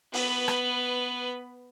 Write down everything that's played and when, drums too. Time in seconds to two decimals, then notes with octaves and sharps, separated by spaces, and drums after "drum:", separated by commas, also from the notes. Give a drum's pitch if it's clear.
0.14 B3 B4, drum: open hi-hat
0.48 drum: rim click